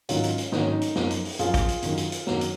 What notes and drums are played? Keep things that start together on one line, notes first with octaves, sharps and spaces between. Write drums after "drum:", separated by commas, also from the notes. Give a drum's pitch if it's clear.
G#2 D#3 F#3 C#4 F4, drum: hi-hat
drum: hi-hat
drum: hi-hat
G#2 D#3 F#3 D#4, drum: snare
C#4
D#4
drum: hi-hat
F#2 F3, drum: snare
drum: hi-hat
drum: open hi-hat
F#2 F3 F4 G#4, drum: hi-hat
drum: kick A1, hi-hat
drum: hi-hat
F#2 D#3 F#3, drum: hi-hat
drum: hi-hat
drum: hi-hat
F#2 D#3 F#3, drum: snare
drum: hi-hat